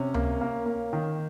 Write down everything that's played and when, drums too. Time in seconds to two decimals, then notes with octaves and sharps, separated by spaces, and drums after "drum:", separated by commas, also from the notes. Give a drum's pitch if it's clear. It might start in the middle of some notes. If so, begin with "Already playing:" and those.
Already playing: C3 C#4
0.14 A#3, drum: tom C#2
0.41 A#3
0.66 A#3
0.93 D#3